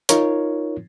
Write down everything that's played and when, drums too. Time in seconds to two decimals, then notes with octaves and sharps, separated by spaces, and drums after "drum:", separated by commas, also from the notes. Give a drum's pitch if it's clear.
0.09 D#4 F4 A#4 C#5, drum: hi-hat